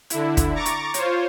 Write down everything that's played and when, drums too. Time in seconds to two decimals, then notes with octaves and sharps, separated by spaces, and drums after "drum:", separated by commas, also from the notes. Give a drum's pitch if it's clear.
0.10 D3 E4, drum: hi-hat
0.37 drum: kick, hi-hat
0.55 A#5 C#6 D6 A6
0.66 drum: hi-hat
0.94 F4 C5 C#5, drum: hi-hat